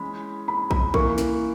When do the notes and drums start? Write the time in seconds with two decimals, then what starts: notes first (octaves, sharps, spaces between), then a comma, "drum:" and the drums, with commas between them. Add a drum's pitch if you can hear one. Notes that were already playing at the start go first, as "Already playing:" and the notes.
Already playing: E3 G#3 C#4 B5
0.48 B5
0.71 B5, drum: kick B1
0.94 E3 A#3 C#6, drum: kick B1
1.18 drum: snare